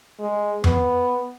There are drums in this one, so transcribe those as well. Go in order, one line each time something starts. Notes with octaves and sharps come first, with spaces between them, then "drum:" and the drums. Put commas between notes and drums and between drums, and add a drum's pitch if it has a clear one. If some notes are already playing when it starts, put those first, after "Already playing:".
G#3
B3, drum: tom F2